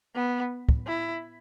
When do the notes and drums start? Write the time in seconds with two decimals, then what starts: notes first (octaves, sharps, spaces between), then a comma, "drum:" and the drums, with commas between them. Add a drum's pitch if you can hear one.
0.16 B3
0.69 drum: kick
0.87 E4